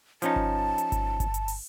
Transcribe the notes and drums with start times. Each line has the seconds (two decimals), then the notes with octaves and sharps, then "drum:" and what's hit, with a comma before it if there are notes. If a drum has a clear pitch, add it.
0.22 F3 C#4 D#4 A5, drum: hi-hat
0.36 drum: kick G1
0.78 drum: hi-hat
0.92 drum: kick G1, hi-hat
1.20 drum: kick G1, hi-hat
1.34 drum: hi-hat
1.48 drum: open hi-hat